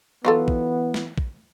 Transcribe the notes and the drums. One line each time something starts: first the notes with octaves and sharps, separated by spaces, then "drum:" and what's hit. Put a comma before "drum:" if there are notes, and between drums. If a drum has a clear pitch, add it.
E3 F#3 B3 F4 A4
drum: kick
drum: snare
drum: kick